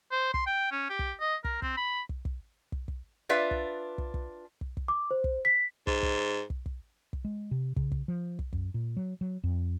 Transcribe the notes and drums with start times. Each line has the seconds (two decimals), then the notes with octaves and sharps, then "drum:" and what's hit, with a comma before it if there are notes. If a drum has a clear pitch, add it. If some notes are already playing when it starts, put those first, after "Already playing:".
0.12 C5
0.34 C6, drum: kick
0.47 G5
0.72 C#4
0.90 G4
0.99 drum: kick
1.21 D#5
1.44 A#4, drum: kick
1.62 C4, drum: kick
1.77 B5
2.09 drum: kick
2.25 drum: kick
2.72 drum: kick
2.88 drum: kick
3.29 D4 F4 B4 E5
3.51 drum: kick
3.98 drum: kick
4.14 drum: kick
4.61 drum: kick
4.77 drum: kick
4.88 D6
5.11 C5
5.24 drum: kick
5.45 B6
5.87 G#2, drum: kick
6.03 drum: kick
6.50 drum: kick
6.66 drum: kick
7.13 drum: kick
7.25 G#3
7.51 C3
7.76 C#3, drum: kick
7.92 drum: kick
8.08 F3
8.39 drum: kick
8.53 F#2, drum: kick
8.74 A#2
8.97 F#3
9.21 F#3
9.44 F2